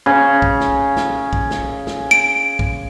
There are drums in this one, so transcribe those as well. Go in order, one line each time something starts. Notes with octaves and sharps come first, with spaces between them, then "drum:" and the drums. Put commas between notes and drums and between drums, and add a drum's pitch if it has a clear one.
C#3
drum: kick
drum: snare
drum: snare
drum: kick
drum: snare
drum: snare
D7
drum: kick